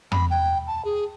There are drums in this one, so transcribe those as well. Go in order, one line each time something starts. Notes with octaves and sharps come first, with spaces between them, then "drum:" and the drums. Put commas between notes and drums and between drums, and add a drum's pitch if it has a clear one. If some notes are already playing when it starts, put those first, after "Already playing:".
B5, drum: tom
G5
A5
G#4